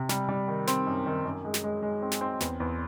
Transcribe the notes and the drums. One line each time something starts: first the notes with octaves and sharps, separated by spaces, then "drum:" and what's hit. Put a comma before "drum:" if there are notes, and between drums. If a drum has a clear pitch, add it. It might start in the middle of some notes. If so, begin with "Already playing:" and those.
Already playing: C3
G3, drum: snare
G3
D#3
C4, drum: snare
F#2
D#3
F#2
G#3
drum: snare
G#3
G#3
C4
drum: snare
C4
E2, drum: snare
E2